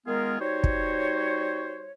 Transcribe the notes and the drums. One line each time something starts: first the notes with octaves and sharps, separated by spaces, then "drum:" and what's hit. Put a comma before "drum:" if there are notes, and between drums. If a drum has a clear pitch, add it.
D#3 G#3 B3 F4 G#4 A#4
G3 D#4 F#4 C5 C#5
drum: kick